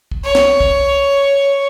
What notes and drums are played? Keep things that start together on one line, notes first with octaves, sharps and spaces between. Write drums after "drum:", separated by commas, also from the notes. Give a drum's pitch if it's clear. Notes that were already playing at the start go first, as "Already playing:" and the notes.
drum: kick
C#5
drum: snare
drum: kick